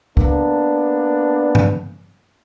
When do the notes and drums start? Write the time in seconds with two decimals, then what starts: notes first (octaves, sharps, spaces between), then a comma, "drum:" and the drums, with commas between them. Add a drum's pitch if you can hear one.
0.17 A#3 B3 D4, drum: kick
1.55 drum: tom G2